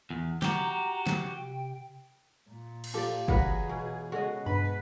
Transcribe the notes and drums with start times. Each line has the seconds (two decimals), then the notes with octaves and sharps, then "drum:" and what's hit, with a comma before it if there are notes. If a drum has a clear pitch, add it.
0.10 E2
0.42 F#4 G4 A#5, drum: snare
1.07 drum: snare
1.36 C3 G5
2.50 A#2
2.84 drum: cymbal
2.94 F3 G4 A4 D5
3.28 E3 F#3 F4 G#4 B4 D#5 F#5, drum: kick
3.69 B2
4.12 C#3 G#3 F#4 A4 C#5 D#5
4.46 G2 B2 B4 B5